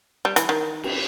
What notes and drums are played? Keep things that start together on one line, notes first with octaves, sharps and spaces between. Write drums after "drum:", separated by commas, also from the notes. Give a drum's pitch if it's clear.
G3
E3, drum: hi-hat
D#3
drum: cymbal